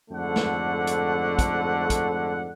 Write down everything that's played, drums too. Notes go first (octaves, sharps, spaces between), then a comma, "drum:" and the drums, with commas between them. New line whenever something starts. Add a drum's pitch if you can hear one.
F2 G#2 D3 A3 F#5
drum: snare
drum: hi-hat
drum: kick, hi-hat
drum: kick, hi-hat